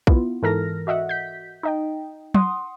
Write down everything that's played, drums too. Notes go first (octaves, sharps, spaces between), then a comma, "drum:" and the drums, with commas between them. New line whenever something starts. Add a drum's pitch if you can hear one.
B3 E4 F4, drum: kick A#1
G#2 E3 A4 A#4 F6 A#6
F#4 D#5 E5 F#5
G6 B6
D#4 D#5 G5
F#5 C6 D#6, drum: tom